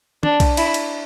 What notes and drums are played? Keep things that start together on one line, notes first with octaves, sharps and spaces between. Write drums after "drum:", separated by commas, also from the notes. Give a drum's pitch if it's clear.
D4, drum: tom
drum: kick B1, cymbal
E4, drum: cymbal
drum: cymbal